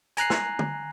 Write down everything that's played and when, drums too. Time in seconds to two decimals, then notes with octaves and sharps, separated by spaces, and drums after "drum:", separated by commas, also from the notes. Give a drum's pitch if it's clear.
0.17 G#5 A#5 F#6 C7, drum: hi-hat
0.30 drum: snare
0.59 drum: tom